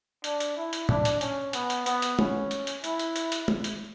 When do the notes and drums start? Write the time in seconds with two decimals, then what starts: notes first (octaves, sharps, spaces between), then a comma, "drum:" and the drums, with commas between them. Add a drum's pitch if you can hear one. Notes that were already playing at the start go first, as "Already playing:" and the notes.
0.24 D4, drum: hi-hat
0.40 drum: hi-hat
0.57 E4
0.73 drum: hi-hat
0.89 D4, drum: tom
1.05 drum: hi-hat
1.21 C#4, drum: hi-hat
1.53 B3, drum: hi-hat
1.70 drum: hi-hat
1.86 B3, drum: hi-hat
2.02 drum: hi-hat
2.19 C#4, drum: tom
2.51 drum: hi-hat
2.67 drum: hi-hat
2.84 E4, drum: hi-hat
2.99 drum: hi-hat
3.16 drum: hi-hat
3.32 drum: hi-hat
3.48 drum: tom
3.64 drum: hi-hat